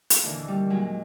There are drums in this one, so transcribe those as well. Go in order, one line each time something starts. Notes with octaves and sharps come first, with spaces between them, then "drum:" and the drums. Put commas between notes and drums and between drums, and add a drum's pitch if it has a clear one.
drum: hi-hat
D#2 A#2 D3 E3
G3
A#2 F#3 G#3